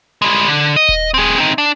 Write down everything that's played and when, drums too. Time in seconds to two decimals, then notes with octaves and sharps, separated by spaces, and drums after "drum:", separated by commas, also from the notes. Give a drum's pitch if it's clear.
0.22 G3 G#3
0.48 D3
0.76 D#5
0.89 drum: kick D#1
1.14 C4 G#4
1.38 C4 D#4
1.58 D4